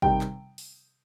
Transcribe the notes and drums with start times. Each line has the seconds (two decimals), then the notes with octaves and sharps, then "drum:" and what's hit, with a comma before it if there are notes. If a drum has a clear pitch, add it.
0.02 C3 D#3 G3 G5, drum: kick
0.21 drum: clap
0.58 drum: open hi-hat